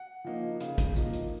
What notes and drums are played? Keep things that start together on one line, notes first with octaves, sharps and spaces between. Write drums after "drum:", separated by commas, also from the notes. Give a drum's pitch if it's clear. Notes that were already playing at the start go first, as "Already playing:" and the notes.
Already playing: F#5
F3 A#3 D#4
C#3, drum: hi-hat
drum: kick, hi-hat
F3 A#3 D#4, drum: hi-hat
drum: hi-hat